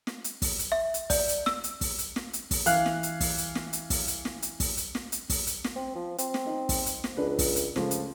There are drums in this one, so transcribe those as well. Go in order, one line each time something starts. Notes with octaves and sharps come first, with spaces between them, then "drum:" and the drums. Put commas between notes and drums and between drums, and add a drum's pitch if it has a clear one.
drum: snare
drum: hi-hat
drum: kick, open hi-hat
drum: hi-hat
E5
drum: hi-hat
D5, drum: kick, open hi-hat
drum: hi-hat
E6, drum: snare
drum: hi-hat
drum: kick, open hi-hat
drum: hi-hat
drum: snare
drum: hi-hat
drum: kick, open hi-hat
E3 F5 F#6, drum: hi-hat
drum: snare
drum: hi-hat
drum: kick, open hi-hat
drum: hi-hat
drum: snare
drum: hi-hat
drum: kick, open hi-hat
drum: hi-hat
drum: snare
drum: hi-hat
drum: kick, open hi-hat
drum: hi-hat
drum: snare
drum: hi-hat
drum: kick, open hi-hat
drum: hi-hat
drum: snare
C4
F3
C4, drum: hi-hat
drum: snare
D#4
drum: kick, open hi-hat
drum: hi-hat
drum: snare
C#2 D4 B4
drum: kick, open hi-hat
drum: hi-hat
C#2 F3 A3, drum: snare
drum: hi-hat